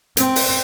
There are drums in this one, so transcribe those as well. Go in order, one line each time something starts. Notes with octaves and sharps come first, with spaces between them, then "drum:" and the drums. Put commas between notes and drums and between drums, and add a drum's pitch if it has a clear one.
C4, drum: hi-hat
drum: open hi-hat